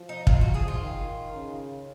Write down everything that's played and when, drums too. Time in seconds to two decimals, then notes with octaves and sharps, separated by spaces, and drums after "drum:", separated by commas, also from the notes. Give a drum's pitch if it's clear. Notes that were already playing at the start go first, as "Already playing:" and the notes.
Already playing: F3
0.09 D#4
0.27 F4, drum: kick
0.41 F#4
0.54 G#4
0.68 F4
0.81 D#3
1.34 C#3